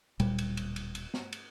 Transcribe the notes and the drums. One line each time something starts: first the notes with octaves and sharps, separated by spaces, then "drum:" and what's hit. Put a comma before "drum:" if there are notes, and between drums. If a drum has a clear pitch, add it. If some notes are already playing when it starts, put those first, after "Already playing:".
D1 A#2 G3, drum: cymbal
drum: cymbal
drum: cymbal
drum: cymbal
drum: cymbal
drum: snare
drum: cymbal